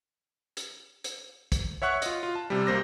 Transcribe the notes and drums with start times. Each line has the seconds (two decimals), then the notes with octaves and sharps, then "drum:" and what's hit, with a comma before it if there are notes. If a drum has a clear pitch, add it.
0.57 drum: hi-hat
1.04 drum: hi-hat
1.52 drum: kick, hi-hat
1.82 C#5 E5 F#5 C#6 F#6
2.02 F4 D#5, drum: hi-hat
2.23 F4
2.35 A5
2.50 C3 G3
2.67 B1 A#3 C5 A#6